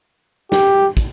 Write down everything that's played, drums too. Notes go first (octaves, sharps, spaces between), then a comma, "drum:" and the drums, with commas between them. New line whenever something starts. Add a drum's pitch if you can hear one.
G4, drum: snare
drum: kick, hi-hat